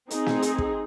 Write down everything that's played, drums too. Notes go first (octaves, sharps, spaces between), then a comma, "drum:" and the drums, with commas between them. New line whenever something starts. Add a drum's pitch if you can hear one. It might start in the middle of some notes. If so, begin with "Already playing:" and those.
C4 D#4 G#4, drum: hi-hat
drum: snare
drum: hi-hat
drum: kick